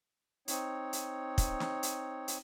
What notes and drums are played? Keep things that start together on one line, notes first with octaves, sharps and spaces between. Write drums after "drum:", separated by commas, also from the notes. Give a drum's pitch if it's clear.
C4 D#4 C#5, drum: hi-hat
drum: hi-hat
drum: kick, hi-hat
drum: snare
drum: hi-hat
drum: hi-hat